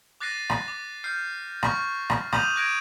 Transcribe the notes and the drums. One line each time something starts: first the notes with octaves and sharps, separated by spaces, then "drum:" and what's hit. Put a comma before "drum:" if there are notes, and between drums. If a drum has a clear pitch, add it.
D6 F#6 A6 A#6 C7 D#7
drum: rim click
D6
F6 G6 C7
C#6 F6, drum: rim click
drum: rim click
D6 D#6 G6 D#7 F7 F#7, drum: rim click
D6 F#6 G#6 A#6 D7 D#7